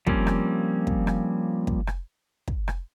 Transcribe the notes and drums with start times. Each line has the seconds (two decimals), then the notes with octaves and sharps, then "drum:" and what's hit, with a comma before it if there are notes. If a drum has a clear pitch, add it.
0.07 F3 G3 A#3 C4 C#4, drum: kick
0.27 drum: rim click
0.87 drum: kick
1.07 drum: rim click
1.67 drum: kick
1.87 drum: rim click
2.48 drum: kick
2.68 drum: rim click